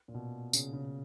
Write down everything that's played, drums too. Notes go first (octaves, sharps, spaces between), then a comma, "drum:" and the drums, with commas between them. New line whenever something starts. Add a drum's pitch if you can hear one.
A#2
B2
C#3, drum: tambourine
C#3